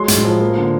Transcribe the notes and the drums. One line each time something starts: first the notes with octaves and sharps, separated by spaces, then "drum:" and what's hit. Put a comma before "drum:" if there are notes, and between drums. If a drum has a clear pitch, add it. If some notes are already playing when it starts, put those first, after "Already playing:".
Already playing: F#3 G#3 C6
A2, drum: hi-hat
F3
A#3
D3